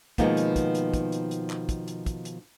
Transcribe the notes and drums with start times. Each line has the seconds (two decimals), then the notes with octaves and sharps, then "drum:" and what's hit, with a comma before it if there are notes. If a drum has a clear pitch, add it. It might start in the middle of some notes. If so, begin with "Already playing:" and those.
0.18 B2 D#3 F3 G#3 A#3 B3, drum: kick, hi-hat
0.37 drum: hi-hat
0.56 drum: kick, hi-hat
0.75 drum: hi-hat
0.94 drum: kick, hi-hat
1.12 drum: hi-hat
1.31 drum: hi-hat
1.50 drum: clap
1.69 drum: kick, hi-hat
1.88 drum: hi-hat
2.06 drum: kick, hi-hat
2.25 drum: hi-hat